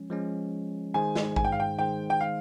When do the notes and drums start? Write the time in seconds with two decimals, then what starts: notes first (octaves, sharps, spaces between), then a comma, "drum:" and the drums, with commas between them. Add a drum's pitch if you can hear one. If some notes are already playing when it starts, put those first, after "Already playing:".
Already playing: F3 G#3 C#4
0.10 F3 G#3 C#4
0.94 D#3 G#3 D#4 G#4 C5 G#5
1.15 drum: snare
1.36 G#5, drum: kick A1
1.44 G5
1.52 F5
1.60 G5
1.79 D#3 G#3 D#4 G#4 C5 G5
2.10 G5
2.21 F5